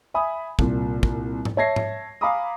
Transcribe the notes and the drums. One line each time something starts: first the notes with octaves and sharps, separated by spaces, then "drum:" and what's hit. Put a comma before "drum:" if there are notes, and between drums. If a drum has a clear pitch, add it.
E5 G#5 B5 D#6
C2 A#2, drum: kick
drum: kick
drum: tom G#2
C#5 E5 A5 G#6 A#6 C7
drum: tom G#2
F5 G#5 A#5 B5 D6 D#6